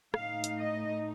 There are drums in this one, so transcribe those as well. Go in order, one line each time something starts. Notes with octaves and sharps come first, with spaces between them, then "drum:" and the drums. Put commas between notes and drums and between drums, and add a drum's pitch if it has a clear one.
A2 A3 D#4 F5, drum: rim click
drum: hi-hat
D#5